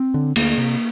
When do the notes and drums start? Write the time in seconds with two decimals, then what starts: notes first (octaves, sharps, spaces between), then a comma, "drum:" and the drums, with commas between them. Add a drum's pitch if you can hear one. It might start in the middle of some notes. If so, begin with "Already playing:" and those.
Already playing: C4
0.14 D3
0.36 D2 A#3, drum: cymbal
0.58 C3